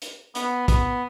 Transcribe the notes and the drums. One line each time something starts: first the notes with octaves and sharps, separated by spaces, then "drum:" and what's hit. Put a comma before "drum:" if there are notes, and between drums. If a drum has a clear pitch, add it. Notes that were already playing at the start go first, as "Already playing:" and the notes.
drum: hi-hat
B3, drum: hi-hat
B3, drum: kick, hi-hat